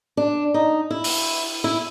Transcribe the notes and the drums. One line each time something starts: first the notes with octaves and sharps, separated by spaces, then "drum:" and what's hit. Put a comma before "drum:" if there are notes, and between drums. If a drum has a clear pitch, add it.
D4
D#4
E4
drum: open hi-hat
E4